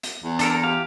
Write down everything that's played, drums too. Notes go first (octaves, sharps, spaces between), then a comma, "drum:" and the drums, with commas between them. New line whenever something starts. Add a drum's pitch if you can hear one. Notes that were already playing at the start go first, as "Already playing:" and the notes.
drum: hi-hat
E2
D4 A4 A#4, drum: hi-hat
G4 F5